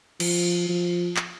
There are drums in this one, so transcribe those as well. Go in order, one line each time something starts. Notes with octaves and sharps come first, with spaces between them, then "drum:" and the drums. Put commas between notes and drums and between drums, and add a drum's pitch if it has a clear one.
F3, drum: cymbal
F3
drum: clap